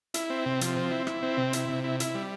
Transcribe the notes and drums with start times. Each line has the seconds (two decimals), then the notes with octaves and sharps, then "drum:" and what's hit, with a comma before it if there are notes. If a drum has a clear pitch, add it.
0.14 E4, drum: hi-hat
0.30 C4
0.46 C3
0.61 F3, drum: hi-hat
0.77 C4
0.91 E4
1.07 E4, drum: rim click
1.22 C4
1.37 C3
1.53 E4, drum: hi-hat
1.69 C3
1.84 E4
2.00 E4, drum: hi-hat
2.15 G3